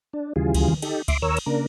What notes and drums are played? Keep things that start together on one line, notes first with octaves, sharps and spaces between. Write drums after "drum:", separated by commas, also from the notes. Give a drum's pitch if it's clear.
D4
D#2 C#3 E3 G3 F4 G#4
drum: kick C#2, cymbal
drum: tom D3
D#4 G4 A4, drum: cymbal
E5 C6 D6, drum: kick C#2, cymbal
D#2 A#4 C#5 E6
drum: cymbal
C#3 A#3 D4 A#4